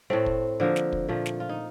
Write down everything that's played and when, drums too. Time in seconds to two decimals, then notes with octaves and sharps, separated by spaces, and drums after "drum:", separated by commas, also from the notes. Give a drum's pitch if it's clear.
0.10 A2 A3 C4
0.26 drum: kick
0.60 D3 F3 A#3
0.76 drum: snare
0.92 drum: kick
1.08 A#2 F3 A3
1.26 drum: snare
1.40 F4
1.49 D#4